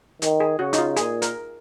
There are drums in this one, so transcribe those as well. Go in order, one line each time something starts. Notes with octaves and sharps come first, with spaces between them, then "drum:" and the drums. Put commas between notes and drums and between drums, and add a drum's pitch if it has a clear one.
D#3, drum: hi-hat
G#4
C#3 F#4
D#4, drum: hi-hat
F4
A#2 G#4, drum: hi-hat
A#4, drum: hi-hat